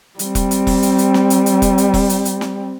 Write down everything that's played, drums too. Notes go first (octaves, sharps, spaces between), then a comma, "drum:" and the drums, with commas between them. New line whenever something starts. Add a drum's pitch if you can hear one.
G3 C4, drum: hi-hat
drum: kick E1, hi-hat
drum: hi-hat
drum: kick E1, open hi-hat
drum: hi-hat
drum: hi-hat
drum: snare
drum: hi-hat
drum: hi-hat
drum: kick E1, hi-hat
drum: hi-hat
drum: kick E1, open hi-hat
drum: hi-hat
drum: hi-hat
drum: snare